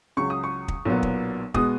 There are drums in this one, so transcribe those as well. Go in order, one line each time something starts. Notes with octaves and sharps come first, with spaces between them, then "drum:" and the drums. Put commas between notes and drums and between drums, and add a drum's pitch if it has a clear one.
C#2 C#3 F#3 C#6
D#6
C#6
drum: kick
B1 A#2 F#3 B3
drum: kick
B2 G#3 B3 D#6, drum: kick